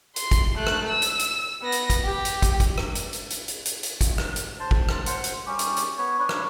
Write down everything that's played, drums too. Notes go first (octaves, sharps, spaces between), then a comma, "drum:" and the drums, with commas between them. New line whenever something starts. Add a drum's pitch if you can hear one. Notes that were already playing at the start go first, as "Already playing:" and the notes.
C6, drum: hi-hat
drum: kick, hi-hat
A3 F#6
drum: rim click
E6
drum: hi-hat
drum: hi-hat
B3 A#6
drum: hi-hat
drum: kick, hi-hat
G4
drum: hi-hat
drum: kick, hi-hat
drum: kick, hi-hat
drum: rim click
drum: hi-hat
drum: hi-hat
drum: hi-hat
drum: hi-hat
drum: hi-hat
drum: hi-hat
drum: kick, hi-hat
drum: rim click
drum: hi-hat
C5 A5
drum: kick
drum: rim click
C5 F#5, drum: hi-hat
drum: hi-hat
G3 C#4 G4
drum: hi-hat
drum: hi-hat
B3 C#5
D4 B4 C#5
drum: rim click